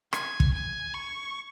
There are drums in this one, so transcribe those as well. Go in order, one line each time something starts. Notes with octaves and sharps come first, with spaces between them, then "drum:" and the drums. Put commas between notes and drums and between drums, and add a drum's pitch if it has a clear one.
G#5, drum: rim click
drum: kick
G#5
C#6